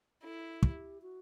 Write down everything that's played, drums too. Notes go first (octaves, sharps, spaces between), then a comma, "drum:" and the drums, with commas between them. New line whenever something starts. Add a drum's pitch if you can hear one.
E4 A4
G4, drum: kick
F#4